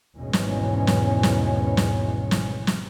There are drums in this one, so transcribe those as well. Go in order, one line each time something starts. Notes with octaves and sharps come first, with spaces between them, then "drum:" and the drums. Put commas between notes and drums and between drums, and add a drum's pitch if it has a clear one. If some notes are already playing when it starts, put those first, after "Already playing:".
G#1 E2 G#2 B2 G#3 C#4
drum: snare
drum: snare
drum: snare
drum: snare
drum: snare
drum: snare